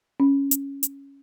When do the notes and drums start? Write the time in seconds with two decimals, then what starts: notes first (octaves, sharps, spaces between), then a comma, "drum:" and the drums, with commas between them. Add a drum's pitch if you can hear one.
0.20 C#4
0.51 drum: hi-hat
0.83 drum: hi-hat